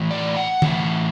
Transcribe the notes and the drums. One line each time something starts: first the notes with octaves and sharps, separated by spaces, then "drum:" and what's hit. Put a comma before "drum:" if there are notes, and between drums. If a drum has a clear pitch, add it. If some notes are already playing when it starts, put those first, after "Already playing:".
Already playing: A2 E3
D5
F#5
A2 E3, drum: tom